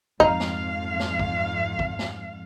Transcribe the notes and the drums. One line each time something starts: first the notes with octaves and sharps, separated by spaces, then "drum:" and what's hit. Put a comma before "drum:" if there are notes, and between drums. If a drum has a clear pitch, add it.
F2 G#2 D#4 F5, drum: kick
drum: snare
drum: snare
drum: kick
drum: kick
drum: snare